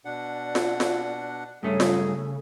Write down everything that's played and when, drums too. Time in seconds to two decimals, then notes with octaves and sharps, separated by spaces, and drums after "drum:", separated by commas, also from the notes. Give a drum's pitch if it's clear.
0.05 B2 D4 D5 F#5
0.55 drum: snare F4
0.80 drum: snare F4
1.63 G2 C#3 F#3 A3 C#4 G#4 A4
1.80 drum: snare F4